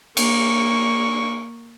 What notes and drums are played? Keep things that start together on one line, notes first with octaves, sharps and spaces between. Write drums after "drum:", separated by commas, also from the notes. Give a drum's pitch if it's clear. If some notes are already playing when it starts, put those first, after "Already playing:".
A#3 C#6, drum: cymbal